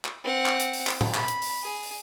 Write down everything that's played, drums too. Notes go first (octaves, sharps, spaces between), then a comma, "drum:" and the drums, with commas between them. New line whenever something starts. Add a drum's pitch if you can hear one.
drum: clap
C4 F#5
drum: clap
drum: hi-hat
drum: open hi-hat
drum: clap
drum: tom A2
B5, drum: clap
drum: hi-hat
drum: open hi-hat
G#4
drum: open hi-hat